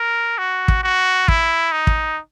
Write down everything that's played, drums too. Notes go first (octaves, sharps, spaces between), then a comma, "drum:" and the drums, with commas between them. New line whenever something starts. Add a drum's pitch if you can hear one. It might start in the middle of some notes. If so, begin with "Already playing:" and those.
Already playing: A#4
F#4
drum: kick
F#4
E4, drum: kick
D#4
drum: kick